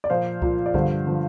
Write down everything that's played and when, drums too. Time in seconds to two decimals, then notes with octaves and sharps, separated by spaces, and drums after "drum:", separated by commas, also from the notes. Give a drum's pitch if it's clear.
0.04 D5
0.10 A#2 F3 C5 F5
0.42 A#2 F3, drum: kick C2
0.66 D5
0.74 G2 D3 F3 C5 F5, drum: kick C2
1.07 D3 F3